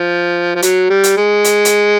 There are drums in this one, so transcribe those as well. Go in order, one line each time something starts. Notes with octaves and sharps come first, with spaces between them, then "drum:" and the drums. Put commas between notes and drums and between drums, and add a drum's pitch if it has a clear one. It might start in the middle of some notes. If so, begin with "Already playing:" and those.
Already playing: F3
F3
F#3, drum: hi-hat
G3
drum: hi-hat
G#3
drum: hi-hat
drum: hi-hat